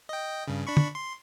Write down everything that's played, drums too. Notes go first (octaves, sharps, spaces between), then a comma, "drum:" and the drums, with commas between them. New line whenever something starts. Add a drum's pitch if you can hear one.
D#5 G5
G2 C#3
D4 B5 C#6
drum: tom
C6